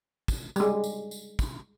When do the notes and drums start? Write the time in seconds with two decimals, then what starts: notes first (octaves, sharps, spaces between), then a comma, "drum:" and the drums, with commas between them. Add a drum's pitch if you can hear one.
0.28 drum: kick, tambourine
0.56 G3 G#3, drum: tambourine
0.84 drum: tambourine
1.11 drum: tambourine
1.39 drum: kick, tambourine